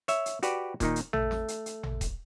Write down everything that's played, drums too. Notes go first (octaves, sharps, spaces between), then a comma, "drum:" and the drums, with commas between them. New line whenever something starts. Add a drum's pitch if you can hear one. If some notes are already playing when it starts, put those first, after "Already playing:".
C#5 E5, drum: hi-hat
drum: hi-hat
F#4 G4 B4 D5, drum: hi-hat
A#2 D#3 D#4, drum: kick D#1, hi-hat
drum: hi-hat
A3, drum: tom A1
drum: snare
drum: hi-hat
drum: hi-hat
drum: tom A1
drum: kick D#1, hi-hat